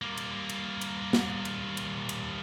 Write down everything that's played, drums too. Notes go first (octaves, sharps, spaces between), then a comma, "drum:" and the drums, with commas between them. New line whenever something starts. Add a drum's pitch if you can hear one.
G3 A#3
drum: cymbal
drum: cymbal
drum: cymbal
drum: snare
drum: cymbal
drum: cymbal
drum: cymbal